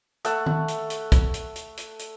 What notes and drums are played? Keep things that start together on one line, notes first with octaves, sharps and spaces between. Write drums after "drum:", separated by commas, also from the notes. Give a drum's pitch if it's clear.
A3 F#5 E6, drum: hi-hat
drum: tom D#3
drum: hi-hat
drum: hi-hat
drum: kick, hi-hat
drum: hi-hat
drum: hi-hat
drum: hi-hat
drum: hi-hat